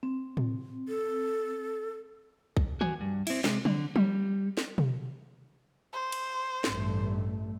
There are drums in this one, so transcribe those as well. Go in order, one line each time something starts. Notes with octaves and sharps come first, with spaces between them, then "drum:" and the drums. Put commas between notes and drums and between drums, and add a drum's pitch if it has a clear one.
C4
drum: tom A2
A4
drum: kick
F#4 G#5, drum: tom D#3
G2
C4 E4, drum: cymbal
C3 G#3, drum: snare
D3, drum: tom F3
G3, drum: tom F3
drum: snare
drum: tom B2
C5
drum: cymbal
A1 G2 A3, drum: snare